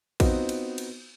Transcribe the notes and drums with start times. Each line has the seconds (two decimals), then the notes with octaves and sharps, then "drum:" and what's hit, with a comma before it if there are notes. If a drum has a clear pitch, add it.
0.20 B3 C4 D#4 F4 F#4 C5, drum: kick, cymbal
0.49 drum: cymbal
0.78 drum: cymbal